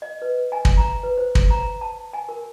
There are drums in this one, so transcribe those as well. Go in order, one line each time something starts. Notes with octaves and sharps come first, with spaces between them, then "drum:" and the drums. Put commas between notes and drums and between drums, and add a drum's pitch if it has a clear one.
D#5
B4
G#5
drum: kick
A#5
B4
C5
drum: kick
A#5
A5
G#5
A#4